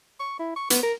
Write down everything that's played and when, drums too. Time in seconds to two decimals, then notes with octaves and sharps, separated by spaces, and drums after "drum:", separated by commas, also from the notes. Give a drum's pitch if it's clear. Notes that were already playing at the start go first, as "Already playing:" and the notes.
0.20 C#6
0.39 E4
0.56 C#6
0.70 B3, drum: hi-hat
0.83 A#4